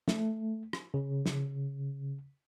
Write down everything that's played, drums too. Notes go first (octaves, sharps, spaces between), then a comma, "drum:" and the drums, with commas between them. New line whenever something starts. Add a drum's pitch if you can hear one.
A3, drum: snare
drum: rim click
C#3
drum: snare